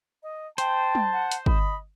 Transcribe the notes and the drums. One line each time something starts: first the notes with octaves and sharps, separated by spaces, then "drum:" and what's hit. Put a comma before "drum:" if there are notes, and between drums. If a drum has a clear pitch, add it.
D#5
C5 G5 A5, drum: hi-hat
drum: tom
F#5
drum: hi-hat
D#5 B5, drum: kick